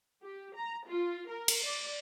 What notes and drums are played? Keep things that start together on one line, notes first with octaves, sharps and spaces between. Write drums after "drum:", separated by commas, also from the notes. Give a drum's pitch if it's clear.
G4
A#5
F4
A#4
drum: cymbal
D5